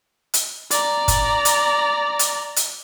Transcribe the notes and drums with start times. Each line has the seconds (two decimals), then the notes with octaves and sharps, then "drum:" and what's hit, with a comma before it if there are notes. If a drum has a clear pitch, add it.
0.34 drum: hi-hat
0.71 D5 A#5, drum: hi-hat
1.08 drum: kick F#1, hi-hat
1.45 drum: hi-hat
2.19 drum: hi-hat
2.56 drum: hi-hat